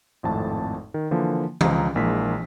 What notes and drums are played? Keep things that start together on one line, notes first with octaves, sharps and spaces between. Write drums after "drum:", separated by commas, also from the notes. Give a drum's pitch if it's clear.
G#1 F2 A2 A5
D#3
D3 E3 F3 A#3
C#2 F3 A#5, drum: tom E3
A#1 G#3 A#3 E4 B6